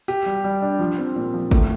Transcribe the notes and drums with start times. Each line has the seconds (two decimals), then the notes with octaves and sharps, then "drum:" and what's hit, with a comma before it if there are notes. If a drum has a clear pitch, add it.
0.08 G4, drum: tambourine
0.26 G3
0.44 G3
0.62 D4
0.79 F3
0.98 C4
1.15 A#2
1.34 F3
1.51 A2, drum: kick G1, tambourine